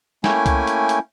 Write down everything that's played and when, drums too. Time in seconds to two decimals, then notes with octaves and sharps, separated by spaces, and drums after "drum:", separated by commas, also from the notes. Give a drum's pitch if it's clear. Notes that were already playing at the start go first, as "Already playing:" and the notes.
0.24 A3 A#3 C#4 E4 G5 G#5, drum: snare
0.46 drum: kick C2, hi-hat
0.67 drum: hi-hat
0.89 drum: hi-hat